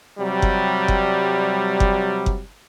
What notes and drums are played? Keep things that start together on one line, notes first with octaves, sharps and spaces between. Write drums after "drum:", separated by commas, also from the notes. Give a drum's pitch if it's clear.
C3 F#3 G3
drum: kick F#1
drum: kick F#1
drum: kick F#1
drum: kick F#1